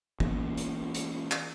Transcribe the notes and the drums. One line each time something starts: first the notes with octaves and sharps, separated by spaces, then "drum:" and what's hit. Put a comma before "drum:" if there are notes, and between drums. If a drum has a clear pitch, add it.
E3 A#3 B3 C#4, drum: kick
drum: hi-hat
drum: hi-hat
drum: clap